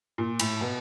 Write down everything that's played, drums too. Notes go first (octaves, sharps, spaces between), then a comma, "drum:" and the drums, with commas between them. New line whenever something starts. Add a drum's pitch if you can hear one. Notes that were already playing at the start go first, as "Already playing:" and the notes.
A#2
A2, drum: cymbal
B2